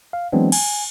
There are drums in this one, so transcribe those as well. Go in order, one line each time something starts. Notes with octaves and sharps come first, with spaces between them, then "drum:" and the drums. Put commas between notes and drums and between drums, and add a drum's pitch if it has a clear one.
F5
E3 F#3 G#3 B3 C4 D4
G#5, drum: cymbal